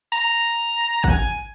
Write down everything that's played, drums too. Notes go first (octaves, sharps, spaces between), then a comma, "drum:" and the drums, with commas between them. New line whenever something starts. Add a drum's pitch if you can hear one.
A#5, drum: open hi-hat
F#5, drum: kick G#1
G#5